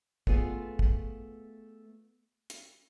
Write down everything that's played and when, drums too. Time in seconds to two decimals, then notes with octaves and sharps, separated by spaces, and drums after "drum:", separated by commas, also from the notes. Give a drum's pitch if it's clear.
0.27 A3 B3 F4 G#4, drum: kick
0.79 drum: kick
2.50 drum: hi-hat